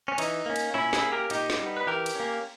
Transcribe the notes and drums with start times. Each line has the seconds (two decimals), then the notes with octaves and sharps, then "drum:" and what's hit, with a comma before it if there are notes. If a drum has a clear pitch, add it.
0.08 C#4
0.18 E3 D#4, drum: cymbal
0.46 A#3 C#4
0.56 drum: cymbal
0.74 A#2 C#4 E4
0.93 E4 G#4, drum: snare
1.03 A#3 C#4
1.12 G4 A#4
1.30 A#2 D#4 G4, drum: cymbal
1.50 drum: snare
1.59 G3 B3
1.77 B4
1.87 E3 G4 A#4
2.06 drum: cymbal
2.15 A#3 C#4